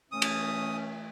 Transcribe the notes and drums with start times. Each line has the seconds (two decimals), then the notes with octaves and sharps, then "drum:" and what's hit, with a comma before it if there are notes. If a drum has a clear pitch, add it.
0.12 E3 A3 C#4 D#6
0.22 drum: cymbal